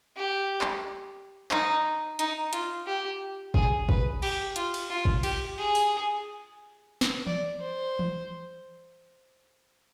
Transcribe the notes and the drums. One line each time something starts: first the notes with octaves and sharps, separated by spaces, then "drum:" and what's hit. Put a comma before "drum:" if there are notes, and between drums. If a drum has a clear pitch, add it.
G4
drum: clap
D#4, drum: clap
D#4, drum: hi-hat
F4, drum: hi-hat
G4
G#4, drum: kick
B4, drum: kick
G4, drum: cymbal
F4, drum: hi-hat
drum: cymbal
F4
drum: kick
G4, drum: cymbal
G#4
drum: open hi-hat
drum: snare
D5, drum: tom E3
C5
drum: tom E3